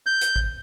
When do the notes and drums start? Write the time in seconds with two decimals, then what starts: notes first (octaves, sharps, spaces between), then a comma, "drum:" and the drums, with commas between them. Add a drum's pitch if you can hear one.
0.06 G6
0.21 drum: hi-hat
0.36 drum: kick A1